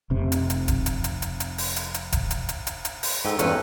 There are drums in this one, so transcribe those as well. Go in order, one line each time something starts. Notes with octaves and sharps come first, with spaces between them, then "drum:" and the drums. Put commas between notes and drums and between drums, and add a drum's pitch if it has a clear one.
F1 C3
drum: hi-hat
drum: hi-hat
drum: kick E1, hi-hat
drum: hi-hat
drum: hi-hat
drum: hi-hat
drum: hi-hat
drum: open hi-hat
drum: hi-hat
drum: hi-hat
drum: kick E1, hi-hat
drum: hi-hat
drum: hi-hat
drum: hi-hat
drum: hi-hat
drum: open hi-hat
G#2 A4 G5 E6
E2 G2 C4 C#4 B4, drum: hi-hat